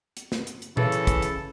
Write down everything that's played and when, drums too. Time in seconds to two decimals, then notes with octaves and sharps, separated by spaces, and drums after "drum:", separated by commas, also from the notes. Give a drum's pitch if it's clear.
0.17 drum: hi-hat
0.32 drum: snare
0.47 drum: hi-hat
0.62 drum: hi-hat
0.77 C#3 E3 A4, drum: tom A#2
0.92 drum: hi-hat
1.07 drum: kick, hi-hat
1.22 drum: hi-hat